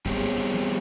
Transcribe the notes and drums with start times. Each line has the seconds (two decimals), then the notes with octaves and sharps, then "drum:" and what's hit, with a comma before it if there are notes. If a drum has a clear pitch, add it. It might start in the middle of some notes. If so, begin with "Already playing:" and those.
0.06 G3 B3 C4 G4 G#4 C#5, drum: kick
0.54 drum: tom E3